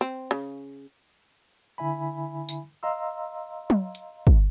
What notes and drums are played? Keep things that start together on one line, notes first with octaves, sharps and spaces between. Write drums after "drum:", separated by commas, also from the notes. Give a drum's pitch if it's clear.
C4
C#3
D3 E4 E5 G#5 B5
drum: tambourine
D#5 F5 A#5 C6 E6
drum: tom F#3
drum: hi-hat
drum: kick